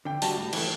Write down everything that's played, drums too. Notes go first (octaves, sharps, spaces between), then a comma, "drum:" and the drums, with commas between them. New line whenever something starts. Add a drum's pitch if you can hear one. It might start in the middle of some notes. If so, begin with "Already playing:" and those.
D3 G5
G3 D4 F#4 A5, drum: open hi-hat
A2
E3 A3, drum: cymbal